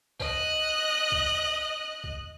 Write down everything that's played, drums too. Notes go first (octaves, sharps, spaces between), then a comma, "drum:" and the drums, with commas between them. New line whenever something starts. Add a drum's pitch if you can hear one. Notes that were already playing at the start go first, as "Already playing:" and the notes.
D#5 F#6, drum: kick
drum: kick
drum: kick